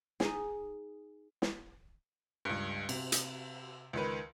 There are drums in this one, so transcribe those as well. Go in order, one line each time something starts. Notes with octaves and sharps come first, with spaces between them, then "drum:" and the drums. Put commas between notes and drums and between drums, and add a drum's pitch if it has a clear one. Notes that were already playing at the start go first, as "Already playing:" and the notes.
D#4 G#4, drum: snare
drum: snare
C#2 G2
C3, drum: cymbal
drum: hi-hat
C#2 D#3 B4